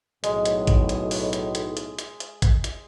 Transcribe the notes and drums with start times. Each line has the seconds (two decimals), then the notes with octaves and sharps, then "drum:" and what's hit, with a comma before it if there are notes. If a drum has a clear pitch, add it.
0.24 B1 A2 G#3, drum: hi-hat
0.46 drum: hi-hat
0.67 drum: kick, hi-hat
0.89 drum: hi-hat
1.11 drum: open hi-hat
1.33 drum: hi-hat
1.55 drum: hi-hat
1.77 drum: hi-hat
1.99 drum: hi-hat
2.20 drum: hi-hat
2.42 drum: kick, hi-hat
2.64 drum: hi-hat